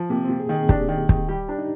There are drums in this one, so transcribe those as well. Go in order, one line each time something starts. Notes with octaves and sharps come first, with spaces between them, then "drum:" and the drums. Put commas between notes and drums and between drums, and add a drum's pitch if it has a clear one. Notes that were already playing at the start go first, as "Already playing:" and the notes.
Already playing: F3
C3 A#3
C3 C4
G#4
D#3
G#4
D4 G4, drum: kick
D#3
D#3, drum: kick
G3 G4
D4
D#4